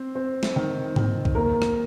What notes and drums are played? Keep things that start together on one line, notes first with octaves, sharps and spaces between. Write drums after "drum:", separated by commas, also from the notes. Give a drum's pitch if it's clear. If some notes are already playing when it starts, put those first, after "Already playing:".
Already playing: C4 C5
C4
drum: snare
D#3
D#3, drum: tom G#2
drum: kick B1
A#3 A#4
drum: rim click